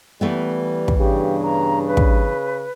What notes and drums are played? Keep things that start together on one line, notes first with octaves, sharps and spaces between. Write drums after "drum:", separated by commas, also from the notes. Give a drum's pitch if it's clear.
E3 G3 A3 B3
drum: kick
G2 C#3 G4
A#5
B4
drum: kick